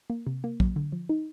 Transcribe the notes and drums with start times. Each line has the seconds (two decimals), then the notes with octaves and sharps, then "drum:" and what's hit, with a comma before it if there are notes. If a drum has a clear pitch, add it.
0.10 A#3
0.27 C3
0.44 A#3
0.60 F#3, drum: kick A#1
0.76 D3
0.92 F3
1.09 D#4